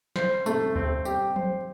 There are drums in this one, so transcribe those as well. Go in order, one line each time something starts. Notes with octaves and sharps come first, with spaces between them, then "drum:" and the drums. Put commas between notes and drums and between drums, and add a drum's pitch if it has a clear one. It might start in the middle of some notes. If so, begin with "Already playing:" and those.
C5, drum: snare
A3, drum: tambourine
C4, drum: kick
G4, drum: tambourine
C5, drum: tom F3